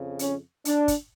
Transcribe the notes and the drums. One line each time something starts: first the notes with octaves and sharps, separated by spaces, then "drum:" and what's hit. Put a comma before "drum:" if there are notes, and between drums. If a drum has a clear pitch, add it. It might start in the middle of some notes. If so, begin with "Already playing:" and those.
Already playing: F2 C#3 F3
C#4, drum: hi-hat
D4, drum: hi-hat
drum: kick, hi-hat